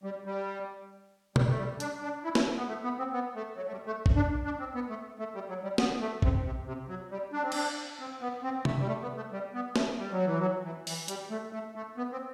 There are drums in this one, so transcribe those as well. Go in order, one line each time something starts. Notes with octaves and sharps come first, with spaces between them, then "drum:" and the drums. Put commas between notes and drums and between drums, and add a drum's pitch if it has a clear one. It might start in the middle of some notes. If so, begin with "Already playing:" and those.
G3
G3
G3, drum: tom
A3
G3
D4, drum: hi-hat
D4
E4
E4, drum: snare
B3
A3
B3
C4
B3
A3
F#3
A3
G3
A3
drum: kick
D4
D4
C4
B3
A3
A3
G3
F#3
G3
B3, drum: snare
A3
C3, drum: kick
C3
C3
F#3
G3
D4
C4
D4, drum: cymbal
C4
B3
C4
A3, drum: tom C3
G3
A3
B3
A3
G3
B3
A3, drum: snare
G3
F#3
E3
F#3
E3
E3, drum: open hi-hat
G3, drum: hi-hat
A3
A3
A3
B3
C4